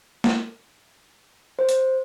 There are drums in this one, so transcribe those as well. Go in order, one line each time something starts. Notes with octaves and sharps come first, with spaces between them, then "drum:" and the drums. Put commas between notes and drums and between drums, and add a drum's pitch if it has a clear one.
drum: snare
C5
drum: hi-hat